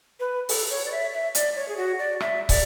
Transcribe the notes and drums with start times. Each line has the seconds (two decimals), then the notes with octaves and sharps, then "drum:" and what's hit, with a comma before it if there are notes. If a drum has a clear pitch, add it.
0.20 B4
0.49 A4, drum: open hi-hat
0.70 C#5
0.86 D5
0.92 E5
1.13 E5
1.35 D5, drum: hi-hat
1.56 C#5
1.68 G#4
1.77 F#4
1.99 D5
2.20 E5, drum: rim click
2.49 D5, drum: kick, open hi-hat